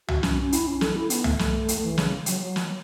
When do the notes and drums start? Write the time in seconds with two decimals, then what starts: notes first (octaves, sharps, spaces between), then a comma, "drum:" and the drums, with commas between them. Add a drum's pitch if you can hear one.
0.08 F#4, drum: tom C2
0.23 C#4, drum: snare
0.38 C#4
0.52 E4, drum: hi-hat
0.67 C#4
0.81 A4, drum: snare
0.96 E4
1.10 B3, drum: hi-hat
1.24 A3, drum: tom C2
1.39 drum: snare
1.68 drum: hi-hat
1.83 E3
1.98 C#3, drum: snare
2.26 F#3, drum: hi-hat
2.41 F#3
2.56 drum: snare